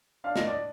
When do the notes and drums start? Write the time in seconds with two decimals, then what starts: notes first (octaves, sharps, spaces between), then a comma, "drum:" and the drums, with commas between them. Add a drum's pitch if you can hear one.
0.24 D4 F5
0.36 D#5, drum: snare
0.47 D5